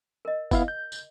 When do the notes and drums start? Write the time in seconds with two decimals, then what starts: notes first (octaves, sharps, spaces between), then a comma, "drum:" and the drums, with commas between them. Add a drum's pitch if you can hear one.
0.25 A#4 D#5
0.51 B3 E4 F5, drum: kick F#1, tambourine
0.68 G6
0.92 drum: tambourine